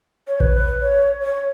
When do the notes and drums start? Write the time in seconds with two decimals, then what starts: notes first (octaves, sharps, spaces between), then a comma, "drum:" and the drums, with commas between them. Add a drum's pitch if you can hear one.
0.28 C#5
0.40 B4, drum: kick A1
0.81 C#5
1.22 C#5